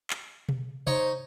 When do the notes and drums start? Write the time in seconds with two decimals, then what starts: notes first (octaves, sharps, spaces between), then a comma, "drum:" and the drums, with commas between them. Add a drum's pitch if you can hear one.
0.10 drum: clap
0.49 drum: tom B2
0.87 D#4 C5 C#5, drum: tom C3